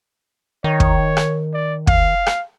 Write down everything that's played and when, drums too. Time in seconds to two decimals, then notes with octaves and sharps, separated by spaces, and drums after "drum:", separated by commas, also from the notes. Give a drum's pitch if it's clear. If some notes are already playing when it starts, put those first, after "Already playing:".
0.64 D#3 C#5
0.80 drum: kick
1.17 drum: rim click
1.53 D5
1.87 F5, drum: kick
2.26 drum: rim click